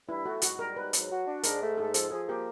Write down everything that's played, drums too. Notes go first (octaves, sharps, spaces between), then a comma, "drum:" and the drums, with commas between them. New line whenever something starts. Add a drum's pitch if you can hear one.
G2 E4
A3 F#4
G#2 F#4, drum: hi-hat
G3 A#4
G#2 B4
F#3, drum: hi-hat
F#4
D4
G#2 A#4, drum: hi-hat
A3
G#2 A4
F3 A4, drum: hi-hat
F3 G#4
A#3 G4